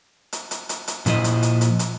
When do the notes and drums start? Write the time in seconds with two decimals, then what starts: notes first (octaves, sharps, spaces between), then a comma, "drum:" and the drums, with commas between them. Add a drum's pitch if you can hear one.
0.33 drum: hi-hat
0.51 drum: hi-hat
0.69 drum: hi-hat
0.88 drum: hi-hat
1.06 A#2 F3 E4 D#5, drum: hi-hat
1.24 drum: hi-hat
1.43 drum: hi-hat
1.61 drum: hi-hat
1.79 drum: hi-hat